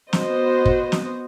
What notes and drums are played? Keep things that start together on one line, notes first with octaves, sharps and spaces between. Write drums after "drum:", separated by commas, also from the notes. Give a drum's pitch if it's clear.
B3 F#4 C5 D#5, drum: snare
drum: kick
drum: snare